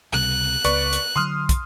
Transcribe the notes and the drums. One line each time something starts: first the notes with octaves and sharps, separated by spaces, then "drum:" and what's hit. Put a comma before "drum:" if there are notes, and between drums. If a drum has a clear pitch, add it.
C#2 C3 G3 F#6
C#2 B3 B4 D5 C#6, drum: hi-hat
drum: hi-hat
D3 F#3 C6 D#6 F6
drum: kick, hi-hat